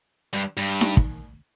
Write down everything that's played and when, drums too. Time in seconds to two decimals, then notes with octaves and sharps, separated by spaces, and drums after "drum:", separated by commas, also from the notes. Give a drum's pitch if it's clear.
0.33 G2
0.57 G2
0.81 drum: snare D#4
0.97 drum: kick